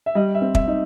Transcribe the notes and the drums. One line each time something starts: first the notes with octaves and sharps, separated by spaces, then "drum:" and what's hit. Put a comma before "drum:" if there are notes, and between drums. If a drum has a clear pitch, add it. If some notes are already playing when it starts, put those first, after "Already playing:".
E5
G3 D#5
E5
C4
E5, drum: kick
D#4